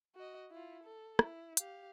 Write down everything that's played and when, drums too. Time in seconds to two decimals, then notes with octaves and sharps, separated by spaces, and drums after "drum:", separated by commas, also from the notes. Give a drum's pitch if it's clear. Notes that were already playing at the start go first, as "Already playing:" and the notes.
0.15 F#4 D#5
0.51 E4 F4
0.83 A4
1.19 E4, drum: rim click
1.57 G4 F5, drum: hi-hat